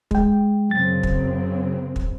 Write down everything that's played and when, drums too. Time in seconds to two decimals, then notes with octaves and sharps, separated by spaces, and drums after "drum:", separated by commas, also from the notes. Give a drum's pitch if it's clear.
0.11 G#3 G5, drum: kick
0.69 F#2 C#3 F#3 C4 A6
1.03 drum: kick
1.96 drum: kick